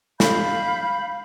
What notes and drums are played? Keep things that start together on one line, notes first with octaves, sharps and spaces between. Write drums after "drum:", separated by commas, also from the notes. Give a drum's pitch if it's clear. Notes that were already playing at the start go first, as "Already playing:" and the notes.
F5 B5 G6, drum: snare